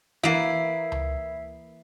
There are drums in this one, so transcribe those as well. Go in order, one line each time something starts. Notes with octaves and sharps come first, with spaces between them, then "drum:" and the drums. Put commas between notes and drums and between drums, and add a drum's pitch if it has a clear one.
E3 A#3 E4 E5 C7 D7
drum: tom C#2